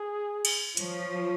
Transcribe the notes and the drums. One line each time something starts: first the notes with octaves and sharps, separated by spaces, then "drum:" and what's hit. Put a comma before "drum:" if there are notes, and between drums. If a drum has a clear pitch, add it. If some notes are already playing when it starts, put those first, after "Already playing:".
Already playing: G#4
drum: cymbal
F3 C#5, drum: hi-hat